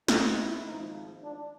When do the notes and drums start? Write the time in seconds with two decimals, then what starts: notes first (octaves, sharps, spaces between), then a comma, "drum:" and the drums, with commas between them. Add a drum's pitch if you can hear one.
0.08 D#4, drum: snare
0.36 E4
0.65 G#1 G#2 F3 D#4
1.21 D4